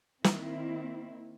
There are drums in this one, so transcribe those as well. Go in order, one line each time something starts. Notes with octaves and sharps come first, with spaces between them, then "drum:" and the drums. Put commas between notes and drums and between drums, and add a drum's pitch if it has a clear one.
D#3 A#3 C4 E4, drum: snare